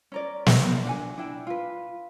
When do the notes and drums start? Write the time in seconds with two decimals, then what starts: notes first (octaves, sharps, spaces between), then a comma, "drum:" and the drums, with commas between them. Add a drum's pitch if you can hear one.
0.12 C#4 A#4 D5
0.46 A#4, drum: snare
0.85 D4 F#5 G#5
1.18 D4 E4 G5
1.47 F4 B4